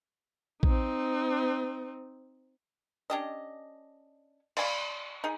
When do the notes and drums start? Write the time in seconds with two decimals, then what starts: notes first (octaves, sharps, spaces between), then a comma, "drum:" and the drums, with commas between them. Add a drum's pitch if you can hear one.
0.63 C4 D#4, drum: kick A#1
3.10 C#4 D4 G4 D#5
4.57 D5 F5 G#5 B5, drum: cymbal
5.24 D#4 G#4